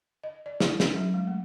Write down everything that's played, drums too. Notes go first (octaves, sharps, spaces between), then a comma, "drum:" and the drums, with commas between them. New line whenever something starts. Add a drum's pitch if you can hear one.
D#5
D5
E4, drum: snare
C#4, drum: snare
F#3
G#3
A3